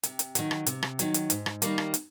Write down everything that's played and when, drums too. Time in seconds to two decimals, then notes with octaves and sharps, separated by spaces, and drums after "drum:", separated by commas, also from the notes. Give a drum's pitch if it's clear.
0.03 C3, drum: hi-hat
0.19 drum: hi-hat
0.35 D#3 F#3, drum: hi-hat
0.51 drum: rim click
0.66 C3, drum: hi-hat
0.83 drum: rim click
0.99 D#3 F#3, drum: hi-hat
1.14 drum: hi-hat
1.30 G#2, drum: hi-hat
1.46 drum: rim click
1.62 D#3 G3 A#3, drum: hi-hat
1.78 drum: rim click
1.94 drum: hi-hat